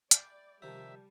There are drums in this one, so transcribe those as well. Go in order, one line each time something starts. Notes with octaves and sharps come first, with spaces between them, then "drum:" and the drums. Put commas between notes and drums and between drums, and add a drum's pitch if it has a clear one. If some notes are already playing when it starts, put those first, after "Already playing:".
D5 E5 G5 B5, drum: hi-hat
C3 D#3 F3 G3 G4 E5 A5